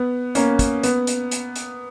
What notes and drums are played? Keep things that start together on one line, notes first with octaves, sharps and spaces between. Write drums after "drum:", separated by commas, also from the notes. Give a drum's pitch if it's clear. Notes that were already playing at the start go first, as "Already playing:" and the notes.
Already playing: B3
A#3 C#4, drum: hi-hat
drum: kick, hi-hat
B3, drum: hi-hat
drum: hi-hat
drum: hi-hat
drum: hi-hat